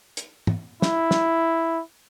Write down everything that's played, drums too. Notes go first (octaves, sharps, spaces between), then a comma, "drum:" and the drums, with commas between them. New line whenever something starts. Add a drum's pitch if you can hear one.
drum: hi-hat
drum: tom
E4, drum: snare
drum: snare